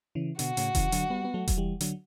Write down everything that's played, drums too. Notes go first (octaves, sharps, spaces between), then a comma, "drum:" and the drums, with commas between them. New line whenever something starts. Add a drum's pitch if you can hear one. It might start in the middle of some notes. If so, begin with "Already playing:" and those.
C#3 E3
B2 D3 F#4, drum: hi-hat
A2 C#3, drum: hi-hat
C#3 E3, drum: kick E1, hi-hat
D3 F#3, drum: hi-hat
G3 B3
B3
F#3 A3
F#3, drum: kick E1, hi-hat
E3 G3
D3 F#3, drum: hi-hat